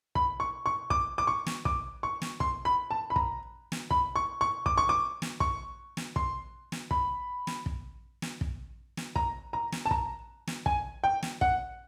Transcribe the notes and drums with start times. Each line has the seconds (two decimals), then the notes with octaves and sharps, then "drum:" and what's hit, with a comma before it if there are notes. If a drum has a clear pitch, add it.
0.15 B5, drum: kick
0.40 C#6
0.66 C#6
0.90 D6, drum: kick
1.18 D6
1.27 C#6
1.46 drum: snare
1.65 D6, drum: kick
2.03 C#6
2.22 drum: snare
2.40 C6, drum: kick
2.65 B5
2.91 A5
3.10 B5
3.16 A#5, drum: kick
3.72 drum: snare
3.91 B5, drum: kick
4.16 C#6
4.41 C#6
4.66 D6, drum: kick
4.78 C#6
4.89 D6
5.22 drum: snare
5.40 C#6, drum: kick
5.97 drum: snare
6.16 C6, drum: kick
6.72 drum: snare
6.91 B5, drum: kick
7.47 drum: snare
7.66 drum: kick
8.22 drum: snare
8.41 drum: kick
8.97 drum: snare
9.16 A#5, drum: kick
9.53 A#5
9.72 drum: snare
9.86 A5
9.91 A#5, drum: kick
10.47 drum: snare
10.66 G#5, drum: kick
11.04 G5
11.23 drum: snare
11.41 F#5, drum: kick